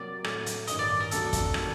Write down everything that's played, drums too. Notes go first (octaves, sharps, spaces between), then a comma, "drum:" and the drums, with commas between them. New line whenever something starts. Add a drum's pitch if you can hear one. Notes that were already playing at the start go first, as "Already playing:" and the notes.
Already playing: C3 F#3 A#3 D5
A2 F#3 A3, drum: rim click
drum: hi-hat
A1 G2 D#3 D#5, drum: hi-hat
D5
A#4
D2 C3 F#3 A3 D4 A4, drum: hi-hat
drum: kick, hi-hat
D#3 G3 A#3, drum: rim click